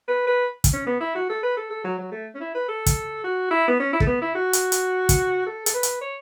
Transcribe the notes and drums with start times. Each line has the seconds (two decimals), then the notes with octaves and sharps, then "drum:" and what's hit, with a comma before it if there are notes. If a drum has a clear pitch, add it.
0.08 B4
0.27 B4
0.64 drum: kick, hi-hat
0.73 C#4
0.87 B3
1.00 E4
1.15 F#4
1.29 A4
1.43 B4
1.57 A4
1.71 A4
1.84 F#3
1.98 F#3
2.12 A3
2.35 C#4
2.40 E4
2.55 B4
2.68 A4
2.86 drum: kick, hi-hat
3.24 F#4
3.51 E4
3.68 B3
3.80 C#4
3.93 E4
4.00 A3, drum: kick
4.06 B3
4.21 E4
4.35 F#4
4.53 drum: hi-hat
4.72 drum: hi-hat
5.09 drum: kick, hi-hat
5.47 A4
5.66 A4, drum: hi-hat
5.74 B4
5.83 drum: hi-hat
6.01 C#5